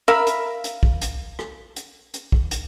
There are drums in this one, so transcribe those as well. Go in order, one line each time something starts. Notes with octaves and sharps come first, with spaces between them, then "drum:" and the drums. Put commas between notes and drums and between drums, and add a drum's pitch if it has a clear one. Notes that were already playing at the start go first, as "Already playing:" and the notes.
A#4 E5 F5 B5
drum: hi-hat
drum: hi-hat
drum: kick
drum: hi-hat
drum: rim click
drum: hi-hat
drum: hi-hat
drum: kick
drum: hi-hat